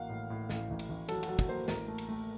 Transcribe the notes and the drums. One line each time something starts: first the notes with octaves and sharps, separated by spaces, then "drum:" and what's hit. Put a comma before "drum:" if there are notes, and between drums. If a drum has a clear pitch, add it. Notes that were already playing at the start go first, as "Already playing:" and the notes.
Already playing: A1 F#3 A#3 F5 F#5
A2
A2
A1, drum: snare
A1
drum: cymbal
A1
F#3 A4, drum: cymbal
F#4, drum: cymbal
F#3 A4
drum: kick, cymbal
A#3 C5
A1 A#4, drum: snare
A3
drum: cymbal
A3